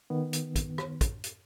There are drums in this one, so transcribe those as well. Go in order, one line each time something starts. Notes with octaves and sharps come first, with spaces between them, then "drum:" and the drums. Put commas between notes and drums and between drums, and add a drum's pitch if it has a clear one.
D#3 B3
drum: hi-hat
drum: kick, hi-hat
drum: rim click
drum: kick, hi-hat
drum: hi-hat